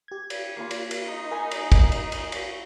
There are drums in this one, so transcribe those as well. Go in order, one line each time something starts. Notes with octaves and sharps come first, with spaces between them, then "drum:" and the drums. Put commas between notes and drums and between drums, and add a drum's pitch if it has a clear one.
G4 G#6
drum: cymbal
A#3 F4 B5
drum: cymbal
drum: cymbal
D#4
A#4 G#5 A#5 B5
drum: cymbal
drum: kick, cymbal
drum: cymbal
drum: cymbal
F#3, drum: cymbal